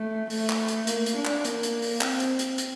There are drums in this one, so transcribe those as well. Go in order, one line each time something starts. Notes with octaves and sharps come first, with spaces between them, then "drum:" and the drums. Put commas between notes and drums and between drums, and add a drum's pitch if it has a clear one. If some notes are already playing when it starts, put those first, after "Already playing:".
Already playing: A3
A3, drum: open hi-hat
drum: clap
drum: hi-hat
A#3, drum: hi-hat
drum: hi-hat
D4
drum: clap
A#3, drum: hi-hat
drum: hi-hat
drum: open hi-hat
C4, drum: clap
drum: hi-hat
drum: hi-hat
drum: hi-hat